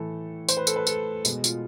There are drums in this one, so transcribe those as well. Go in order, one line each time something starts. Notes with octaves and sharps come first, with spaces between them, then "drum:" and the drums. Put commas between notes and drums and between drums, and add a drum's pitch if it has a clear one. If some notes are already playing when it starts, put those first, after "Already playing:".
Already playing: A2 E3 A3 A4
C5, drum: tambourine
B4
A4, drum: tambourine
B4
A4, drum: tambourine
B2 G#3, drum: tambourine
F4, drum: tambourine